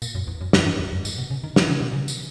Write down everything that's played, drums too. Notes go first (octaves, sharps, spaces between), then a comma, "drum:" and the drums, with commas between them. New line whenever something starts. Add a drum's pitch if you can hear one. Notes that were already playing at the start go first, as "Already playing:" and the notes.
A#2, drum: tambourine
F#2
E2
F#2
F#2, drum: snare
G#2
E2
F#2
G#2, drum: tambourine
B2
C#3
D#3
D#3, drum: snare
C#3
B2
C#3
drum: tambourine